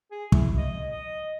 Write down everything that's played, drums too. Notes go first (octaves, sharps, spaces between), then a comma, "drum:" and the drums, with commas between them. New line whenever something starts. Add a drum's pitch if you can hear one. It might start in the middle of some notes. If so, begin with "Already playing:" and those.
G#4
E4, drum: kick
D#5
D#5